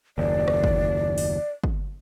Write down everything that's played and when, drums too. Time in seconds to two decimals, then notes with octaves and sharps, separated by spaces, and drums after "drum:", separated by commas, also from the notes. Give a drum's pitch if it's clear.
0.18 F#1 D#2 D5
0.48 drum: rim click
0.64 drum: kick
1.18 drum: open hi-hat
1.64 drum: kick